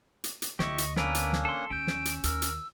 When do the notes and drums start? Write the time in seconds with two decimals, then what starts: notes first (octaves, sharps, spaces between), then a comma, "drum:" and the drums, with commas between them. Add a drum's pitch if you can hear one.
0.24 drum: hi-hat
0.42 drum: hi-hat
0.59 D2 E4 G4 D#5 C#6, drum: snare
0.78 drum: hi-hat
0.96 A#3 B3 C#4 D4 A#4 B4 E6, drum: snare
1.15 drum: hi-hat
1.33 drum: snare
1.45 A4 C6
1.70 D#2 C#4 E6 G6 D7
1.87 drum: snare
2.05 drum: hi-hat
2.24 D#2 A#4 E6, drum: hi-hat
2.42 drum: hi-hat